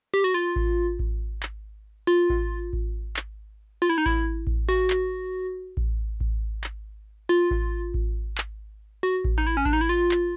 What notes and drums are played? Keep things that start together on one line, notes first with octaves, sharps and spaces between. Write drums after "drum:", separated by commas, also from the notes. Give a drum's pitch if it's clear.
G4
F#4
F4
drum: kick A1
drum: kick A1
drum: clap
F4
drum: kick A1
drum: kick A1
drum: clap
F4
E4
D#4
E4, drum: kick A1
drum: kick A1
F#4
drum: clap
drum: kick A1
drum: kick A1
drum: clap
F4
drum: kick A1
drum: kick A1
drum: clap
F#4
drum: kick A1
D#4
E4
C#4
D4, drum: kick A1
D#4
E4
F4
drum: clap